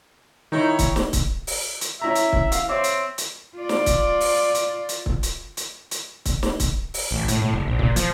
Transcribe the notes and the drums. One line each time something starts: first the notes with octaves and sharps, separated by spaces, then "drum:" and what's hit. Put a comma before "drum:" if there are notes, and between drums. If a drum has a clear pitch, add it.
D#3 D#4 E4 C#5
drum: kick, hi-hat
drum: snare
drum: kick, hi-hat
drum: open hi-hat
drum: hi-hat
C#4 E4 E5 A#5
drum: hi-hat
drum: kick
F5, drum: hi-hat
C4 C#5 E5 D6
drum: hi-hat
drum: hi-hat
F4 D5
drum: snare
drum: kick, hi-hat
drum: open hi-hat
drum: hi-hat
drum: hi-hat
drum: kick
drum: hi-hat
drum: hi-hat
drum: hi-hat
drum: kick, hi-hat
drum: snare
drum: kick, hi-hat
drum: open hi-hat
A1
A2, drum: hi-hat
A2
F#1
A#1
A#2, drum: kick
F3, drum: hi-hat